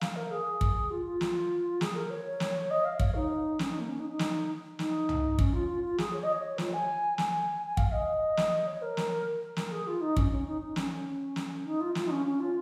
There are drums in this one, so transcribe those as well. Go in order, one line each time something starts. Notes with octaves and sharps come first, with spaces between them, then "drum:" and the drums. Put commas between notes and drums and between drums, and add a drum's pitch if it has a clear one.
F5, drum: snare
A#4
G#4
drum: kick
F4
F4
drum: snare
G#4, drum: snare
A#4
C#5
drum: snare
D#5
F5
C#5, drum: kick
D#4
C#4, drum: snare
D#4
A#3
C#4
D#4
D#4
drum: snare
D#4, drum: snare
drum: tom
C#4, drum: kick
F4
F4
F4
G#4, drum: snare
C#5
D#5
C#5
F4, drum: snare
G#5
G#5, drum: snare
G#5
F5, drum: kick
D#5
drum: snare
C#5
A#4
drum: snare
A#4, drum: snare
G#4
F4
D#4
C#4, drum: kick
C#4
D#4
D#4
C#4, drum: snare
C#4
drum: snare
D#4
F4
F4, drum: snare
D#4
C#4
C#4
F4